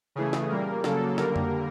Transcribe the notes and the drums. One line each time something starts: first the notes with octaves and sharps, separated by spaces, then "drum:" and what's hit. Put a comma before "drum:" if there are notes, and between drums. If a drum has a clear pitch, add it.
C#3 E3 A3 G#4
drum: snare
A#2 G3 A#3 A#4
C#3 F#3 A#3 A4, drum: snare
D3 G3 A#3 A#4, drum: snare
drum: tom F2